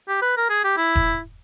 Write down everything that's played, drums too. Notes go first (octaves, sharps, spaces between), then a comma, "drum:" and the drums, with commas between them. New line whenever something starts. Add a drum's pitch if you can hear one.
G4
B4
A#4
G#4
G4
E4
drum: kick E1